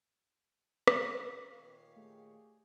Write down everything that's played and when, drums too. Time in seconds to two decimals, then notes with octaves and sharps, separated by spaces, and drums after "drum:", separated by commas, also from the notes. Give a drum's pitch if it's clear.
0.87 drum: rim click
1.51 A#2 D#3 C#5 F5
1.96 A3 G4 G#4